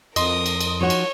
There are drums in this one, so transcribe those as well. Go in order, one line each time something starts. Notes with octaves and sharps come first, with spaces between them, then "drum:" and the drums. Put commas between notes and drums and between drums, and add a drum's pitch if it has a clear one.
F2 A#4 D#5 C6 D#6, drum: cymbal
drum: cymbal
drum: cymbal
F3 D#4 F#4 C#5
drum: cymbal